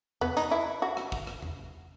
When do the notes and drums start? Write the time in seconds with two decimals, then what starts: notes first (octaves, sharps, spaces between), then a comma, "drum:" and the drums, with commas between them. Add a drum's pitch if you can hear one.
0.21 B3, drum: tom E2
0.37 D#4, drum: hi-hat
0.51 E4
0.82 F#4
0.97 drum: rim click
1.12 drum: kick
1.27 drum: rim click
1.42 drum: tom E2